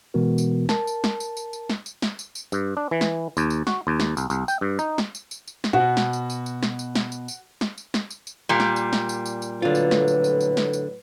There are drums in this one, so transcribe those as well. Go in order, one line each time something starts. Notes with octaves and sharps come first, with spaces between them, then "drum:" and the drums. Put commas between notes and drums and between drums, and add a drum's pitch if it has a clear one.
B2 E3 G#3 B3 F#4 A#4
drum: tambourine
A#4 A5, drum: snare
drum: tambourine
drum: snare
drum: tambourine
drum: tambourine
drum: tambourine
drum: snare
drum: tambourine
drum: snare
drum: tambourine
drum: tambourine
G2, drum: tambourine
D4
E3
drum: snare
D#2, drum: tambourine
drum: tambourine
F#4, drum: snare
D#2
drum: snare
C2, drum: tambourine
C2, drum: tambourine
G5, drum: tambourine
G2
D#4, drum: tambourine
drum: snare
drum: tambourine
drum: tambourine
drum: tambourine
drum: snare
B2 F#4
drum: snare
drum: tambourine
drum: tambourine
drum: tambourine
drum: snare
drum: tambourine
drum: snare
drum: tambourine
drum: tambourine
drum: snare
drum: tambourine
drum: snare
drum: tambourine
drum: tambourine
A#2 G3
drum: snare
drum: tambourine
drum: snare
drum: tambourine
drum: tambourine
drum: tambourine
A2 D3 F#3 F4 B4
drum: tambourine
drum: snare
drum: tambourine
drum: tambourine
drum: tambourine
drum: snare
drum: tambourine